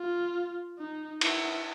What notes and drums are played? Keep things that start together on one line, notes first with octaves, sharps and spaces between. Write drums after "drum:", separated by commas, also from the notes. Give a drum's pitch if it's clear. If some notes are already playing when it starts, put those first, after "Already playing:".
Already playing: F4
D#4
E4, drum: cymbal